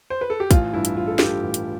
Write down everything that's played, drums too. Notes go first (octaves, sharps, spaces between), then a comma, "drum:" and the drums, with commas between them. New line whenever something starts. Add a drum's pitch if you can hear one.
C5
B4
A4
G4
A1 F4, drum: kick, hi-hat
G2 E4
drum: hi-hat
G2 F4
A4
G2 G4, drum: snare
A1
drum: hi-hat